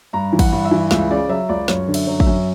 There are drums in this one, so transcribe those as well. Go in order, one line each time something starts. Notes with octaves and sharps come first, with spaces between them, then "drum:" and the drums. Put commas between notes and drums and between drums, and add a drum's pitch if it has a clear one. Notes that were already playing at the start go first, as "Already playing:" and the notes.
G2 A#5
E3
F#5, drum: kick, cymbal
G2
E5
E3
C#2 E5, drum: snare
C#3 D5
F#3 E5
C#2 D5
F#2 C#5, drum: snare
D3
E5, drum: cymbal
F#3
E5, drum: kick
F#2